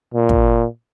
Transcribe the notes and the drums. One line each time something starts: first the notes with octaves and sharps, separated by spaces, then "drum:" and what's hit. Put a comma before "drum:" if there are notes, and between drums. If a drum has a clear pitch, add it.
A#2
drum: kick